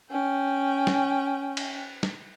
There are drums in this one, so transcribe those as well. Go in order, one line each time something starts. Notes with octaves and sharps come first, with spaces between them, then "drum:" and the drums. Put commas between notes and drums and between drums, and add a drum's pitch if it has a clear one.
C#4 G5
drum: snare
drum: cymbal
drum: snare